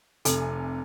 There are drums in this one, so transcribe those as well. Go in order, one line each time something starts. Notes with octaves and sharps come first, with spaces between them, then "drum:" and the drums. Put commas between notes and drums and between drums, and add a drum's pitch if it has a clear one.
F1 C3 A4 G#5, drum: hi-hat